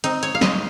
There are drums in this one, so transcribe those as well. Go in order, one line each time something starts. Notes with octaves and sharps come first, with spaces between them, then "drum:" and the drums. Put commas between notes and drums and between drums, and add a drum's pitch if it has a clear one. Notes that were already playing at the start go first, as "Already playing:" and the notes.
C4 D#4, drum: hi-hat
C#5, drum: hi-hat
F5
G#3 D#5, drum: snare